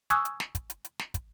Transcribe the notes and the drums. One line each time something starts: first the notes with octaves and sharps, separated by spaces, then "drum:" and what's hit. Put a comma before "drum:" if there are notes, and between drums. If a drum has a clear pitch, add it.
G#5 C#6 D#6 E6 F#6 G#6, drum: hi-hat
drum: hi-hat
drum: snare
drum: kick, hi-hat
drum: hi-hat
drum: hi-hat
drum: snare
drum: kick, hi-hat